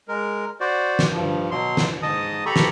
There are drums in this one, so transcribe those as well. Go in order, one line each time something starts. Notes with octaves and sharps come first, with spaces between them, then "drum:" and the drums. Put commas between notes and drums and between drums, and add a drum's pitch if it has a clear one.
G#3 A#4
F#4 C5 D5
drum: snare
G2 F3
B2 F#3 C6
drum: snare
G#2 D#5 A5 D#6
G4 A4 A#5 B5 C#6
drum: snare